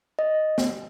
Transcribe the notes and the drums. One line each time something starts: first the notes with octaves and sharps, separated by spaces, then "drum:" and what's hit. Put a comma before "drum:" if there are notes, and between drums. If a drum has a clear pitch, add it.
D#5
drum: snare B3